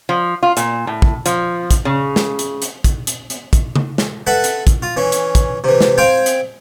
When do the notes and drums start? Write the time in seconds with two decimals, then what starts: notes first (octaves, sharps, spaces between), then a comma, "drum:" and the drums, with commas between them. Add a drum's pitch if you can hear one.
0.09 F3
0.43 F4
0.57 A#2, drum: hi-hat
0.87 A2
1.02 drum: kick
1.26 F3, drum: hi-hat
1.71 drum: kick, hi-hat
1.85 C#3
2.16 drum: snare
2.39 drum: hi-hat
2.62 drum: hi-hat
2.84 drum: kick, hi-hat
3.07 drum: hi-hat
3.30 drum: hi-hat
3.53 drum: kick, hi-hat
3.76 drum: tom C#3
3.98 drum: snare
4.27 A4 B4 E5 F#5
4.44 drum: hi-hat
4.67 drum: kick, hi-hat
4.82 F4
4.97 E3 C#4
5.12 drum: hi-hat
5.35 drum: kick, hi-hat
5.64 C3 E3
5.81 drum: snare
5.98 C4 C5 F5 G5 G#5
6.26 drum: hi-hat